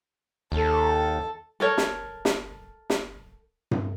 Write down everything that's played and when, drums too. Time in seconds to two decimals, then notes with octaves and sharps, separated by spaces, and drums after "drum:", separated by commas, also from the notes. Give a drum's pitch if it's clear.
0.52 D#2 A4
1.60 A4 A#4 C#5
1.78 drum: snare
2.25 drum: snare
2.90 drum: snare
3.71 drum: tom G2